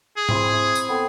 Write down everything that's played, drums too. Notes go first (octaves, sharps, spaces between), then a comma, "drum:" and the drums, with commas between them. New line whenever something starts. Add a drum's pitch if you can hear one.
G#4
C4 E4, drum: tom G#2
E5
drum: tambourine
B3 A4 G5